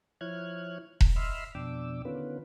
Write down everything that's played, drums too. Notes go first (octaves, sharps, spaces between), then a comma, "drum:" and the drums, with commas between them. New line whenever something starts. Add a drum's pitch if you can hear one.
F3 E4 C#5 F6 F#6 G#6
drum: kick E1
D#5 E5 B5 C6 E6 F6
F2 B2 D4 G5 D6 E6
D3 D#3 B3 C#4 F4 B4